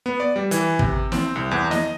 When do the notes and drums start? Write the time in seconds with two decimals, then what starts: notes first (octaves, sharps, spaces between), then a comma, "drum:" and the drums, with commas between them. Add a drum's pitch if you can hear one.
0.06 B3
0.20 D5
0.36 G3
0.51 E3, drum: hi-hat
0.79 C3, drum: kick
1.12 C4, drum: snare
1.35 C2
1.51 E2
1.71 D#5, drum: snare